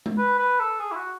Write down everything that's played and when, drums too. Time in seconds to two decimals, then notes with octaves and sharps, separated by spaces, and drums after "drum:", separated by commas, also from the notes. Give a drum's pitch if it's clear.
0.06 drum: tom G#3
0.18 B4
0.38 B4
0.60 A4
0.80 G#4
0.91 E4
0.95 F#4